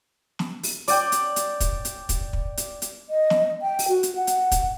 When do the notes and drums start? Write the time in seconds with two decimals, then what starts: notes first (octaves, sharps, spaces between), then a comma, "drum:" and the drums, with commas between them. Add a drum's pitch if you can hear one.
0.39 drum: snare
0.63 drum: open hi-hat
0.88 D5 G5, drum: open hi-hat
1.12 drum: hi-hat
1.36 drum: hi-hat
1.60 drum: kick, hi-hat
1.85 drum: hi-hat
2.09 drum: kick, hi-hat
2.33 drum: kick
2.57 drum: hi-hat
2.82 drum: hi-hat
3.10 D#5
3.30 drum: snare
3.62 G5
3.79 drum: open hi-hat
3.88 F#4
4.03 drum: hi-hat
4.16 F#5
4.27 drum: hi-hat
4.52 drum: kick, hi-hat